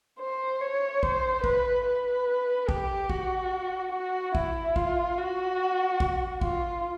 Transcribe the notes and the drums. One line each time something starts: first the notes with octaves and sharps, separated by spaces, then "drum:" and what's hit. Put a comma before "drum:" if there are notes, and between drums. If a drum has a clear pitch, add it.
C5
C#5
C5, drum: kick
B4, drum: kick
B4
G4, drum: kick
F#4, drum: kick
F#4
E4, drum: kick
F4, drum: kick
F#4
drum: kick
F4, drum: kick